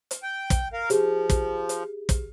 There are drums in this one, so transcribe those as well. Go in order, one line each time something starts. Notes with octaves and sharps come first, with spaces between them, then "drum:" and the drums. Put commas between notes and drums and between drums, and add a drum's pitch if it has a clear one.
drum: hi-hat
G5
drum: kick, hi-hat
A#4 F5
F3 G4 G#4, drum: hi-hat
drum: kick, hi-hat
drum: hi-hat
drum: kick, hi-hat